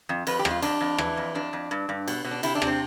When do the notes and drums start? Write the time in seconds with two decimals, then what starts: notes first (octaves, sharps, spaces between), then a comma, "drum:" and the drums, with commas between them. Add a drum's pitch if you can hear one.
0.09 F2
0.27 F2 B4, drum: cymbal
0.39 G4
0.45 F2, drum: rim click
0.51 F4
0.62 F2 D4, drum: cymbal
0.81 F2
0.98 E3, drum: rim click
1.17 F2
1.35 F2 D4
1.53 F2
1.71 G2
1.89 G2
2.08 B2, drum: cymbal
2.25 B2
2.31 D4
2.43 C3 E4, drum: cymbal
2.55 D4
2.62 C3, drum: rim click
2.67 C4